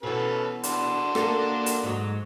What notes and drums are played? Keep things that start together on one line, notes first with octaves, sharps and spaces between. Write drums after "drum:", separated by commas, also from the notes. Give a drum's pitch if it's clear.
B2 E3 C#4 A4 B4
D4 F#4 C6, drum: hi-hat
A#3 A4, drum: rim click
drum: hi-hat
G#2 F#3